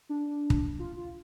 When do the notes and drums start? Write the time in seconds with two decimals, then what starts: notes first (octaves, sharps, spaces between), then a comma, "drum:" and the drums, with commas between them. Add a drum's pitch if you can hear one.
0.09 D4
0.50 drum: kick
0.79 F4
0.97 F4